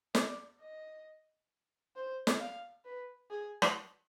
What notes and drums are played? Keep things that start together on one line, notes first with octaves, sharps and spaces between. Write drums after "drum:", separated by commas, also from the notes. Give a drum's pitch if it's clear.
D5, drum: snare
D#5
C5
drum: snare
F5
B4
G#4
drum: rim click